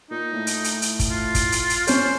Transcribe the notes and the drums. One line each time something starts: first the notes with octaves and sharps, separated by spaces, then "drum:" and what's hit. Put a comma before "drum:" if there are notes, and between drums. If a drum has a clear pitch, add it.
A#2 D#4
A2
drum: hi-hat
drum: hi-hat
drum: hi-hat
drum: kick, hi-hat
F4
drum: kick, hi-hat
drum: hi-hat
drum: hi-hat
F#1 C#4 C5 C#5, drum: hi-hat